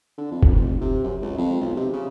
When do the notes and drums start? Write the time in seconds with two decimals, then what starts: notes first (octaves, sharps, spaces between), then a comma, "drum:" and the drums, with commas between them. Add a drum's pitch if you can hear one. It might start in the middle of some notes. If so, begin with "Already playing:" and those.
0.18 D3
0.31 F2
0.43 drum: kick F1
0.55 F1
0.81 C3
1.03 F#2
1.21 C#2
1.38 F2
1.61 B1
1.76 C3
1.93 C#3